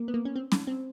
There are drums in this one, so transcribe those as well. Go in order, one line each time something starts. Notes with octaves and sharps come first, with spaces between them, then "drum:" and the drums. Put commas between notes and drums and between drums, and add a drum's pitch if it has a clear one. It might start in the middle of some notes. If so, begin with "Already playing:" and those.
Already playing: A#3
B3
A#3
C#4
C4
drum: snare C#4
C4